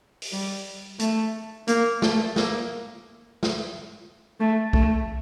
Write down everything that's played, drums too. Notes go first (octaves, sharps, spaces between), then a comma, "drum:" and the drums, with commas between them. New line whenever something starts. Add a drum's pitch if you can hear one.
drum: open hi-hat
G3
A3, drum: hi-hat
A#3, drum: hi-hat
A3, drum: snare
A#3, drum: snare
drum: snare
A3
A3, drum: kick B1